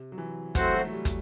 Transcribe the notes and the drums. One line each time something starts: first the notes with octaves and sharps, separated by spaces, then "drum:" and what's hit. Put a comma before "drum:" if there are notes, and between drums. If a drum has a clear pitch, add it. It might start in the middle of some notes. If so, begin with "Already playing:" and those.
Already playing: C3
F#3
E3
F#3 A3 C4 F#4 C5 F#5, drum: kick, hi-hat
F#3
A3
G3
drum: kick, hi-hat